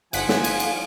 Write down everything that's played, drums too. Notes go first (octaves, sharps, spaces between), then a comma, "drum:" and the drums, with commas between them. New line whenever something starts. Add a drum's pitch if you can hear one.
G1 F3 F5 F#5 G#5 B6, drum: cymbal
drum: snare
drum: cymbal
drum: cymbal